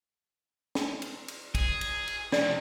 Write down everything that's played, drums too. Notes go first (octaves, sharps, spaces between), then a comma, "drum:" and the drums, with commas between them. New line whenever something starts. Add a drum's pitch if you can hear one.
drum: snare
drum: cymbal
drum: cymbal
G#4, drum: kick, cymbal
drum: cymbal
drum: cymbal
F2 C3 D5, drum: snare